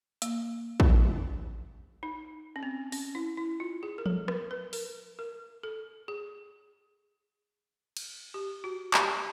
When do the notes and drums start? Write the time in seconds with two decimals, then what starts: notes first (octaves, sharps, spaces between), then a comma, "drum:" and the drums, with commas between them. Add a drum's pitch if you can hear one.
0.22 A#3, drum: hi-hat
0.80 drum: kick
2.03 D#4
2.56 C#4
2.63 C4
2.92 C#4, drum: open hi-hat
3.15 E4
3.37 E4
3.60 F4
3.83 G#4
3.98 A#4
4.06 A4, drum: tom F3
4.28 A#4, drum: rim click
4.51 B4
4.73 A#4, drum: open hi-hat
5.19 A#4
5.63 A4
6.08 G#4
7.97 drum: cymbal
8.34 G4
8.64 F#4
8.94 G4, drum: clap